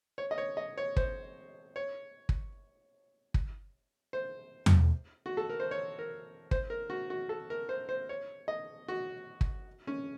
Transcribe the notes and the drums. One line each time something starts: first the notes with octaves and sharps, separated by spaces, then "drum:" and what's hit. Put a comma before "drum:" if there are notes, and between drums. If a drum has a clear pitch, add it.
C#5
D#5
C#5
D#5
C#5
C5, drum: kick
C#5
drum: kick
drum: kick
C5
drum: tom E2
F#4
A4
A#4
C5
C#5
A#4
C5, drum: kick
A#4
F#4
F#4
A4
A#4
C5
C5
C#5
D#5
F#4
drum: kick
C#4